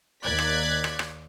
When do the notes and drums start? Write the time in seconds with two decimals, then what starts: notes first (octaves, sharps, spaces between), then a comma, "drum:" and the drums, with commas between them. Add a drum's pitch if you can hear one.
0.23 D#2 D5 F#6 G#6 B6
0.39 drum: rim click
0.84 drum: rim click
0.99 drum: rim click